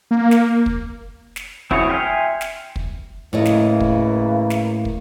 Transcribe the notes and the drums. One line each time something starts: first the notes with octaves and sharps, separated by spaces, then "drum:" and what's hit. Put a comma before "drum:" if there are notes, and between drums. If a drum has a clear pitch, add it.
A#3
drum: snare
drum: kick
drum: snare
C4 E4 F#4 G#4 C#5, drum: kick
E5 G5 G#5 C6 F6
drum: snare
drum: kick
A2 C#3 E3 A#3 C#5 D#5
drum: snare
drum: kick
drum: snare
drum: kick